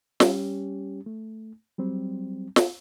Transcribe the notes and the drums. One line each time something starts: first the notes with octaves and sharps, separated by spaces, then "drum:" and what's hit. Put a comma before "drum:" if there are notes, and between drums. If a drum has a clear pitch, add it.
G3 C#4 G4, drum: snare
A3
F#3 G3 C4
drum: snare